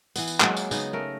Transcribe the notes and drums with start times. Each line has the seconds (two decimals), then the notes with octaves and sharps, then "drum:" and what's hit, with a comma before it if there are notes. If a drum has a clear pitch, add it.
0.16 E3 B3, drum: tambourine
0.27 drum: tambourine
0.41 F#3 G#3 A#3 F#4, drum: clap
0.57 drum: tambourine
0.71 C#3 B3 D#4, drum: tambourine
0.93 A3 A#4